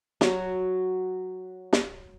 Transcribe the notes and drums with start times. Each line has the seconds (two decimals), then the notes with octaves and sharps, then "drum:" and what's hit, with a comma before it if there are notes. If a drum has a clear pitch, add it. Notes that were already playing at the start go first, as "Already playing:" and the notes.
0.21 F#3 F#4, drum: snare
1.73 drum: snare